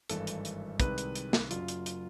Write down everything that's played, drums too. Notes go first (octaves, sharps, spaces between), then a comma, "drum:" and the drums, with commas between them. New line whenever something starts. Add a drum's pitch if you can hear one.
G#1 G2 E3 A3 A4, drum: hi-hat
drum: hi-hat
drum: hi-hat
C2 C3 D#3 G#3 B4, drum: kick, hi-hat
drum: hi-hat
drum: hi-hat
drum: snare
F#1 F#2 C#3 F#3 F4, drum: hi-hat
drum: hi-hat
drum: hi-hat